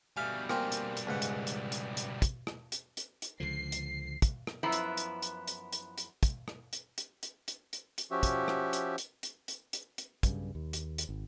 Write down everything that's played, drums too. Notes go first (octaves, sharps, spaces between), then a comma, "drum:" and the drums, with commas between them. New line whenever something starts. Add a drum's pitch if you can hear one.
B2 G3 E5 F5 G#5
A#3 C4 G#5, drum: rim click
drum: hi-hat
drum: hi-hat
C#2 G#2 F#5
drum: hi-hat
drum: hi-hat
drum: hi-hat
drum: hi-hat
drum: kick, hi-hat
drum: rim click
drum: hi-hat
drum: hi-hat
drum: hi-hat
C#2 D3 F3 C7
drum: hi-hat
drum: kick, hi-hat
drum: rim click
F#2 F3 B3 E4
drum: hi-hat
drum: hi-hat
drum: hi-hat
drum: hi-hat
drum: hi-hat
drum: hi-hat
drum: kick, hi-hat
drum: rim click
drum: hi-hat
drum: hi-hat
drum: hi-hat
drum: hi-hat
drum: hi-hat
drum: hi-hat
F3 C#4 F#4 G4 E5
drum: kick, hi-hat
drum: rim click
drum: hi-hat
drum: hi-hat
drum: hi-hat
drum: hi-hat
drum: hi-hat
drum: hi-hat
B1 G2 C#3, drum: kick, hi-hat
D#2
drum: hi-hat
drum: hi-hat
G#1